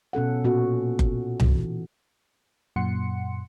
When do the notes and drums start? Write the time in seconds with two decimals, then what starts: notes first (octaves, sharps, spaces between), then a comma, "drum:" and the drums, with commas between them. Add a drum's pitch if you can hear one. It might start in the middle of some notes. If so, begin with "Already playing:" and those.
0.13 B2 C#4 A4 F#5
0.44 A#2 B3 C#4 F#4
0.99 drum: kick F#1
1.40 E3, drum: tom C2
2.76 F#2 A#2 F#5 C6 C#7